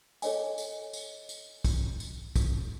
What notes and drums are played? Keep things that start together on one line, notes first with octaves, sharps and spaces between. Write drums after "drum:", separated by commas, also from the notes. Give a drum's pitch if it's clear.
A4 C#5 D#5 G#5, drum: tambourine
drum: tambourine
drum: tambourine
drum: tambourine
drum: kick, tambourine
drum: tambourine
drum: kick, tambourine